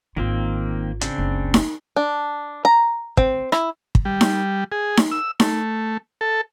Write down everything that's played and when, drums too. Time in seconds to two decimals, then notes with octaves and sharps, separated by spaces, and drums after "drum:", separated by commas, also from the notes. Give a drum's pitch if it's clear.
0.16 G#1 D#3 A#3 C4 F4
1.01 C#3 C4 D4, drum: hi-hat
1.18 F#1 C#2
1.54 drum: snare D#4
1.96 D4
2.65 A#5
3.17 C4, drum: kick
3.52 E4, drum: rim click
3.95 drum: kick
4.05 G3
4.21 drum: snare D#4
4.72 G#4
4.97 drum: snare D#4
5.11 E6
5.40 A3, drum: snare D#4
6.21 A4